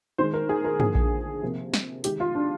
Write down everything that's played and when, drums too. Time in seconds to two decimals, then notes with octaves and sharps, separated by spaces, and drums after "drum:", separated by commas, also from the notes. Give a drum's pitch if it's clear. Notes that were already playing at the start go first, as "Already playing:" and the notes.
0.18 D#3 G#3 C5
0.34 A#4
0.49 G#4
0.64 A#4
0.80 D3 F3 A#3 G#4, drum: tom
0.95 drum: kick A#1
1.42 C3 F3 A#3
1.74 drum: snare
2.04 D#3 G#3 G4, drum: hi-hat
2.20 F4
2.35 D4